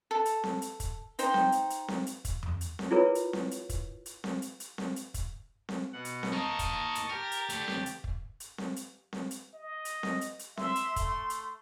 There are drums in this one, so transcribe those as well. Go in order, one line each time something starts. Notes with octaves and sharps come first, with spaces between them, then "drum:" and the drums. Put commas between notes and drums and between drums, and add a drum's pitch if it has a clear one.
A4
drum: hi-hat
drum: snare C4
drum: hi-hat
drum: kick, hi-hat
D#4 C5 G5, drum: hi-hat
drum: snare C4
drum: hi-hat
drum: hi-hat
drum: snare C4
drum: hi-hat
drum: kick, hi-hat
drum: tom F2
drum: hi-hat
drum: snare C4
E4 F4 G#4 A#4 B4 C#5
drum: hi-hat
drum: snare C4
drum: hi-hat
drum: kick, hi-hat
drum: hi-hat
drum: snare C4
drum: hi-hat
drum: hi-hat
drum: snare C4
drum: hi-hat
drum: kick, hi-hat
drum: snare C4
B2 F#5
drum: hi-hat
drum: snare C4
A#3 D#4 D#5 A5 C#6
drum: kick, hi-hat
drum: hi-hat
G4 A#4 A6
drum: hi-hat
D3 A3, drum: hi-hat
drum: snare C4
drum: hi-hat
drum: kick
drum: hi-hat
drum: snare C4
drum: hi-hat
drum: snare C4
drum: hi-hat
D#5
drum: hi-hat
drum: snare C4
drum: hi-hat
drum: hi-hat
E5 C6, drum: snare C4
drum: hi-hat
A3, drum: kick, hi-hat
drum: hi-hat